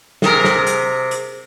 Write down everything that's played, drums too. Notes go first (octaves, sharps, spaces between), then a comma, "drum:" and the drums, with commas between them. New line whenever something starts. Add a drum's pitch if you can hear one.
C3 G#4 A#4, drum: snare
drum: snare
drum: hi-hat
drum: hi-hat